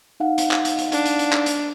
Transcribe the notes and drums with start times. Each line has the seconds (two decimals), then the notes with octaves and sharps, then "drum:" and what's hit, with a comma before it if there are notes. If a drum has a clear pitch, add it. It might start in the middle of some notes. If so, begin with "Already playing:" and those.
0.20 D#4 F5 F#5
0.38 drum: hi-hat
0.51 drum: clap
0.65 drum: hi-hat
0.78 drum: hi-hat
0.92 D4, drum: hi-hat
1.06 drum: hi-hat
1.19 drum: hi-hat
1.33 drum: clap
1.46 drum: hi-hat